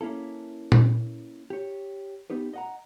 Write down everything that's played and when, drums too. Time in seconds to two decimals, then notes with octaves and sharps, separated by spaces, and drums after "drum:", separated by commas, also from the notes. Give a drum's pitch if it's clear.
0.01 A#3 C#4 E4 A4
0.72 drum: tom A#2
1.50 G4 C#5
2.30 B3 D#4 G4 B4
2.53 D#5 F#5 A#5